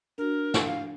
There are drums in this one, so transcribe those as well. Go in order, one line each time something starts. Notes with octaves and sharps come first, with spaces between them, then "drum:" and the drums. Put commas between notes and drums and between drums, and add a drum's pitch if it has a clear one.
D4 F#4 A#4
F#5 G#5 E6, drum: snare
F5